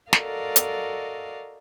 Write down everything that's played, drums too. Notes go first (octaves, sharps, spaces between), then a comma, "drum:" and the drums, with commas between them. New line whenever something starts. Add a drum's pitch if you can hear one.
F#4 A4 A#4 D5 D#5 F5, drum: snare
drum: hi-hat